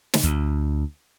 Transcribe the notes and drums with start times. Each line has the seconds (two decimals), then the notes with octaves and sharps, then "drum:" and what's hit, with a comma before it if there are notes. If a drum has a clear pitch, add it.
0.14 drum: snare
0.24 D2